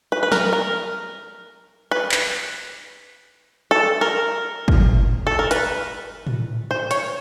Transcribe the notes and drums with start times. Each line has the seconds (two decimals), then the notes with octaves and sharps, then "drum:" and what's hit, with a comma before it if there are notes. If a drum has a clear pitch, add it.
0.12 B4
0.23 B4
0.32 A#4, drum: snare
0.53 A#4
1.91 B4
2.12 drum: clap
3.71 A4
4.01 A#4
4.68 drum: kick
4.81 drum: tom A2
5.27 A4
5.39 A#4
5.51 B4, drum: hi-hat
6.27 drum: tom A2
6.71 C5
6.91 C#5, drum: hi-hat